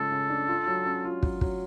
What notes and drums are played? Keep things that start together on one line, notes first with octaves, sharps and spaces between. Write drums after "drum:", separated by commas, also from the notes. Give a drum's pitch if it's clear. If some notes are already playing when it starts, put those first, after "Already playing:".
Already playing: C#3 G#3 F4 A4
C#3
D4
F4
F#3
C#4
F4
F#3, drum: kick
F#3, drum: kick